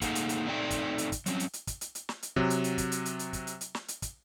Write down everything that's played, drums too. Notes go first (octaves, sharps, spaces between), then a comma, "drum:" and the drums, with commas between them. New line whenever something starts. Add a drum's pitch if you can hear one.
A3 A#3 D#4 G#4 F#5, drum: kick, hi-hat
drum: hi-hat
drum: hi-hat
A3 C4 D#4 D5 E5 G5
drum: kick, hi-hat
drum: hi-hat
drum: kick, hi-hat
F#3 C4 C#4, drum: hi-hat
drum: hi-hat
drum: hi-hat
drum: kick, hi-hat
drum: hi-hat
drum: hi-hat
drum: snare
drum: hi-hat
C3 F#3, drum: kick
drum: hi-hat
drum: hi-hat
drum: kick, hi-hat
drum: hi-hat
drum: hi-hat
drum: hi-hat
drum: kick, hi-hat
drum: hi-hat
drum: hi-hat
drum: snare
drum: hi-hat
drum: kick, hi-hat